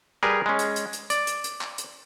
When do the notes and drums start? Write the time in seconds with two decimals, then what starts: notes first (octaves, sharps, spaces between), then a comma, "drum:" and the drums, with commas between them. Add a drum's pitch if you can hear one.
0.23 G3 G#4 A#4 B4
0.46 G#3 C#4
0.59 drum: hi-hat
0.76 drum: hi-hat
0.93 drum: hi-hat
1.10 D5, drum: hi-hat
1.27 drum: hi-hat
1.44 drum: hi-hat
1.61 drum: clap
1.78 drum: hi-hat